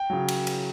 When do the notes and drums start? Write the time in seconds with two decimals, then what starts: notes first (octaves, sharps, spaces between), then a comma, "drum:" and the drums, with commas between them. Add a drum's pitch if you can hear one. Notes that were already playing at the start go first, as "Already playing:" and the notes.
Already playing: G5
0.10 C#3 F#3
0.28 drum: cymbal
0.47 drum: cymbal